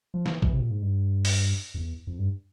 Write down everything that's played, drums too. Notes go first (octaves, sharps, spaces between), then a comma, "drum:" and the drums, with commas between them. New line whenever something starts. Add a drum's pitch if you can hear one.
F3
E3, drum: snare
E3, drum: kick
C3
A#2
G#2
G2
drum: open hi-hat
F2
E2
F2
G2